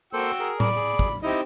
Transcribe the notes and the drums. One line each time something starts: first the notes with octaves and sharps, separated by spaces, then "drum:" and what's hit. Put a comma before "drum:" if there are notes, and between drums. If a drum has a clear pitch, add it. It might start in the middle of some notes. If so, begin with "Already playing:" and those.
A#3 F#4 A4 C5 G5 E6
G#4 A#4
D5 B5, drum: tom A2
G#4
drum: kick
C4 D#4 E4 G4 D#5